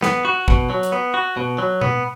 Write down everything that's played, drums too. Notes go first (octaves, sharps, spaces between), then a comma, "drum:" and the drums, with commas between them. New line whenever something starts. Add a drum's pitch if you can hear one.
B3, drum: snare
F#4
B2, drum: kick
F#3
drum: hi-hat
B3
F#4
B2
F#3
B3, drum: tom B2